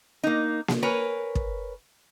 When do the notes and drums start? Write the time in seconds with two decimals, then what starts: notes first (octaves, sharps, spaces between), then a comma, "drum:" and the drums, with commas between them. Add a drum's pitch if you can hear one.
0.23 A#3 D#4
0.68 drum: snare A#3
0.83 A#4 B4 C#5 G#5
1.35 drum: kick